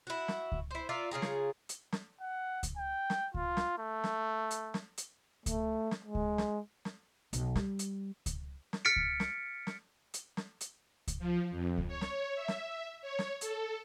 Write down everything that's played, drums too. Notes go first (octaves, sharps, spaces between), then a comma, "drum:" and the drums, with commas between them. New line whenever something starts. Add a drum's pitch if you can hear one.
E4 F#4
drum: snare
drum: kick C#2
E4 C5
F4 A#4 D5 E5
C#3 F4 G#4 A#5
drum: snare
drum: hi-hat
drum: snare
F#5
drum: kick C#2, hi-hat
G5
drum: snare
F4, drum: kick C#2
drum: snare
A3
drum: snare
drum: hi-hat
drum: snare
drum: hi-hat
A3, drum: kick C#2, hi-hat
drum: snare
G#3
drum: kick C#2
drum: snare
drum: snare
B1, drum: hi-hat
G3, drum: snare
drum: hi-hat
drum: kick C#2, hi-hat
drum: snare
F6 A6 B6 C#7 D7
drum: kick C#2
drum: snare
drum: snare
drum: hi-hat
drum: snare
drum: hi-hat
drum: kick C#2, hi-hat
F3
F2
drum: kick C#2
C#5
drum: snare
E5
drum: snare
C#5
drum: snare
A4, drum: hi-hat